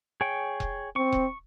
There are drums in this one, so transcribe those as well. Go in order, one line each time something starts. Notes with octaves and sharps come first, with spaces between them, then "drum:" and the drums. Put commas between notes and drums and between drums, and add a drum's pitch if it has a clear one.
G#4 C#5 G5
drum: kick E1
C4 C#6
drum: kick E1